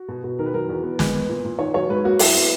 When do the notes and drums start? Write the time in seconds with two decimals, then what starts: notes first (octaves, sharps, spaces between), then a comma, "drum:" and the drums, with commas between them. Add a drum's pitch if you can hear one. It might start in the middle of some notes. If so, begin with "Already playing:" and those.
Already playing: F#4
0.08 B2
0.24 B2
0.39 D#3 A#4
0.46 B4
0.54 F#3 A#4
0.69 E2
0.83 B3
0.99 G#3, drum: snare
1.13 B3
1.29 A#2
1.45 A#2
1.59 D#3 C#5
1.74 F#3 C#5
1.89 G#2 B4
2.04 A#3 F#4
2.19 F#3 E4, drum: open hi-hat
2.35 B3